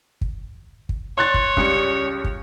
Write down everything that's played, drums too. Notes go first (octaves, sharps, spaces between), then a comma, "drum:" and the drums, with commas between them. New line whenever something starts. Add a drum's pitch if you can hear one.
drum: kick
drum: kick
C#5 C6 F#6 A6
drum: kick
C#2 G3 C#7, drum: kick
drum: kick